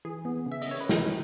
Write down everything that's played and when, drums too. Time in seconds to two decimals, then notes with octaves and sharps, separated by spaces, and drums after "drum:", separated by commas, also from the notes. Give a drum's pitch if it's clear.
0.05 E3 G#4
0.25 B3
0.46 C#3
0.52 E5
0.62 D#5, drum: open hi-hat
0.68 C#3 C#5
0.81 B4
0.89 E3 A#4, drum: snare